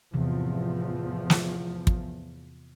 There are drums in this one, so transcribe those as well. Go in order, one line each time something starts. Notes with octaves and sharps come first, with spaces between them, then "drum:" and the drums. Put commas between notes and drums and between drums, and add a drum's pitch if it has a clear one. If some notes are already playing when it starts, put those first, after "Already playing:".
E2 A2 C3 E3 F3
drum: snare
drum: kick